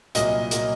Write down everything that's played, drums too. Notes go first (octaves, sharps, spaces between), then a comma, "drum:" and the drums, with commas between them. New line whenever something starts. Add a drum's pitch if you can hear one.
C2 A#2 F#3 A#3 D#5, drum: hi-hat
A#2 F#3 A#3, drum: hi-hat